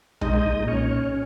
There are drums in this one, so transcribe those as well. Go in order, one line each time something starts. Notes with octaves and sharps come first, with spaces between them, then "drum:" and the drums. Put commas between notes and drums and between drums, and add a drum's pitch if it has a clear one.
G#3 D#4 D#5, drum: tom B1
A#2
C#4 C#5
C#4